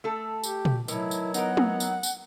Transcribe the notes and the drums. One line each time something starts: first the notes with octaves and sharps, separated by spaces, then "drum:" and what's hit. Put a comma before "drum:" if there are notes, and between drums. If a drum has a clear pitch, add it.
A3 A4
G4, drum: tambourine
drum: tom A#2
A2 D#3 E3 F#3 E4, drum: tambourine
drum: tambourine
B3 D#4 A#4 F#5, drum: tambourine
drum: tom
drum: tambourine
drum: tambourine